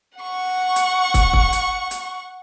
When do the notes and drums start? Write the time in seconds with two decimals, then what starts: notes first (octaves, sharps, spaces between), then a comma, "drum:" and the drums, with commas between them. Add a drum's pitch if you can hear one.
0.18 F#5 C#6
0.76 drum: hi-hat
1.14 drum: kick, hi-hat
1.33 drum: kick
1.52 drum: hi-hat
1.91 drum: hi-hat